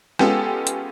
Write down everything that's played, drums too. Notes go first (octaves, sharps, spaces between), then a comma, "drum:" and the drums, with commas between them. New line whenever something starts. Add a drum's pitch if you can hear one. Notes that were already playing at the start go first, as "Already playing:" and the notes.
G#3 B3 C#4 F4 G4 A4, drum: rim click
drum: hi-hat